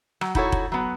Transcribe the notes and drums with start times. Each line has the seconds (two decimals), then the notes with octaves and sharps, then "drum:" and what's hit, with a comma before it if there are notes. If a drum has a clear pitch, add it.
0.21 F#3, drum: rim click
0.35 D#4 E4 F#4 A4 C#5, drum: kick
0.52 drum: kick
0.72 F#3 B3